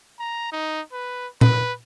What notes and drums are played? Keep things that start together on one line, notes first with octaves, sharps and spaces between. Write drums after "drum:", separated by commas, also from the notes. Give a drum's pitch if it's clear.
A#5
D#4
B4
B4, drum: tom A#2